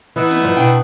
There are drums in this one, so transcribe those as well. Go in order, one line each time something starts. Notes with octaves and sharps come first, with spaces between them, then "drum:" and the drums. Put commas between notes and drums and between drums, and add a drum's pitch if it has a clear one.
E3 B3 D#4 E4, drum: hi-hat
drum: snare
G2 F3
B2 D4 G5